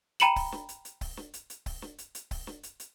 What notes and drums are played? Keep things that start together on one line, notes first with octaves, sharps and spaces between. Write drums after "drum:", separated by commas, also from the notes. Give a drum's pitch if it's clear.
G5 A#5 B5 C#7 E7 F#7, drum: hi-hat
drum: kick C#1, open hi-hat
drum: snare
drum: hi-hat
drum: hi-hat
drum: kick C#1, open hi-hat
drum: snare
drum: hi-hat
drum: hi-hat
drum: kick C#1, open hi-hat
drum: snare
drum: hi-hat
drum: hi-hat
drum: kick C#1, open hi-hat
drum: snare
drum: hi-hat
drum: hi-hat